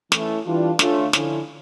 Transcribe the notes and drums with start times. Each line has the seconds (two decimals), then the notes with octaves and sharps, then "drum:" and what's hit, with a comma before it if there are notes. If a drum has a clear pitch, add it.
0.12 E3 A3 C#4 E4, drum: snare
0.45 E3 G3 D4 F4
0.79 D3 A3 C#4 F4, drum: snare
1.13 D3 F3 C#4 E4, drum: snare